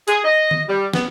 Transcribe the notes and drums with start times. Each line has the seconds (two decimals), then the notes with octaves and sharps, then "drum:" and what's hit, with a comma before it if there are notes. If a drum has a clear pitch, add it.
0.08 G#4, drum: hi-hat
0.24 D#5
0.51 drum: tom D#3
0.68 G3
0.93 B3, drum: snare